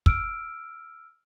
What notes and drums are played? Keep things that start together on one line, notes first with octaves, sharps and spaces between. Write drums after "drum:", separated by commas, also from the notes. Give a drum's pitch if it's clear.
E6 F6 D7, drum: kick